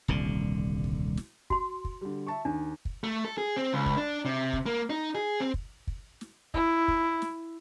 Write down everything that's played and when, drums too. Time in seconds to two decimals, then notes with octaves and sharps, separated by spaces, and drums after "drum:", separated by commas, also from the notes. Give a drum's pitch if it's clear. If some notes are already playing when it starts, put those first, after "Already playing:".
0.08 D#1 C2 D3
0.84 drum: kick
1.17 drum: snare
1.50 F#4 C6, drum: kick
1.85 drum: kick
2.01 D3 G3
2.27 E5 A5 C#6
2.45 D#2 D4
2.85 drum: kick
3.04 A3
3.25 A4
3.38 G#4
3.56 C4
3.73 C#2
3.86 drum: kick
3.97 D4
4.25 C3
4.53 drum: kick
4.66 A#3
4.90 D#4
5.15 G#4
5.40 C4
5.54 drum: kick
5.87 drum: kick
6.21 drum: snare
6.54 E4, drum: kick
6.88 drum: kick
7.22 drum: snare